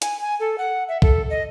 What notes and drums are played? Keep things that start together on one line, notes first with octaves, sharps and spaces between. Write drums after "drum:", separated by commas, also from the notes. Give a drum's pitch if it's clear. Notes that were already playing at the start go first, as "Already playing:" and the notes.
G#5, drum: hi-hat
G#5
A4
F#5
E5
A4, drum: kick B1
D#5